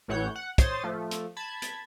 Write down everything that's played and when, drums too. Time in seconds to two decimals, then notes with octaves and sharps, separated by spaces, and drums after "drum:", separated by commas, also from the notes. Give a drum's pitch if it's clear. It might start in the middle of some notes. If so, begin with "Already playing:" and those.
0.08 A1 A2 E3 C#5 F#5 G6
0.36 F#5
0.58 C5 C#5 C6 D#6 A6, drum: kick, hi-hat
0.84 F3 A3
1.11 drum: hi-hat
1.37 A5 B5 G#6
1.62 drum: hi-hat